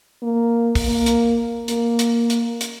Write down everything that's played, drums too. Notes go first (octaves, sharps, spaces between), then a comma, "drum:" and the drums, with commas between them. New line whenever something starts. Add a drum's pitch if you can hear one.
A#3
drum: kick, open hi-hat
A#3
drum: hi-hat
A#3, drum: hi-hat
drum: hi-hat
drum: hi-hat
drum: hi-hat